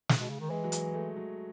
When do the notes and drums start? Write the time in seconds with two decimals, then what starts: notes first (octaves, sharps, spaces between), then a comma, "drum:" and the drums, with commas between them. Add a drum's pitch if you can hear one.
0.09 drum: snare
0.21 B2
0.30 C#3
0.40 D#3
0.50 E3 G#3
0.64 F#3
0.72 G#3, drum: hi-hat
0.94 A3
1.17 F#3